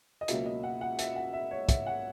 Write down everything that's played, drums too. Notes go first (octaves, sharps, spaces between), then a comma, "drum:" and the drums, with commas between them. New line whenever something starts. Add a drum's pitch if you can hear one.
D#5
C#2 B2 F#3 A#3 E5, drum: hi-hat
D#5
F#5
F#5
E5, drum: hi-hat
F#5
E5
C#5
E5, drum: kick, hi-hat
F#5